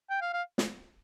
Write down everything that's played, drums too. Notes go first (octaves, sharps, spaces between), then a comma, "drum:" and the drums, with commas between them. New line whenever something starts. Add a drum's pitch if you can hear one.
G5
F5
F5
drum: snare